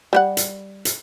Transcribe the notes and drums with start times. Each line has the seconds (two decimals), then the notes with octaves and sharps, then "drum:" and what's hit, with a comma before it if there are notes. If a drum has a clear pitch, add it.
0.13 G3 G4 F#5
0.37 drum: hi-hat
0.85 drum: hi-hat